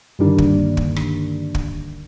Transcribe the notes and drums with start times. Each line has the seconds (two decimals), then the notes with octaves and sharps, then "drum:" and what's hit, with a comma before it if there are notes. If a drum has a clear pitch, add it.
0.19 G2 D3 D#3 G3 A#3 D4
0.38 drum: kick
0.77 drum: kick
0.96 drum: rim click
1.55 drum: kick